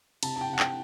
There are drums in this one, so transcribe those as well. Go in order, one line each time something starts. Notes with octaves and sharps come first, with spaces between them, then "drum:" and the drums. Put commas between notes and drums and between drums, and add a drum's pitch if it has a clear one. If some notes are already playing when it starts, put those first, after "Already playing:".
C3 A5, drum: cymbal
A5
G5
C3 F#5
G5, drum: clap